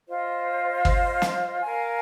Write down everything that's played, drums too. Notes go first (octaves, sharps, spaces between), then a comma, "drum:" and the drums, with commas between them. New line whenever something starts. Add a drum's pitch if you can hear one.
F4 C5 D#5
drum: kick G1
drum: snare
A#4 F5 G#5